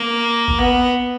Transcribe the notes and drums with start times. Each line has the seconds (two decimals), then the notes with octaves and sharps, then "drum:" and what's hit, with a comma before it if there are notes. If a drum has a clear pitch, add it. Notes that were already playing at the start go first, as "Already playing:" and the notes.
Already playing: A#3
0.48 drum: kick
0.58 B3